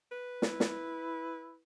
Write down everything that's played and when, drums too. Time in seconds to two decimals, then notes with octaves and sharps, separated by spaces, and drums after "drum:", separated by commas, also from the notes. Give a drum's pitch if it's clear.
0.12 B4
0.42 E4, drum: snare
0.60 drum: snare